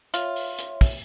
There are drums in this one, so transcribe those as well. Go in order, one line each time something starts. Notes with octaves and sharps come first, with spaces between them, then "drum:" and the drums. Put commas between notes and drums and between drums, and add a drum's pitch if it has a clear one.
F4 C#5 E5, drum: hi-hat
drum: open hi-hat
drum: hi-hat
drum: kick, open hi-hat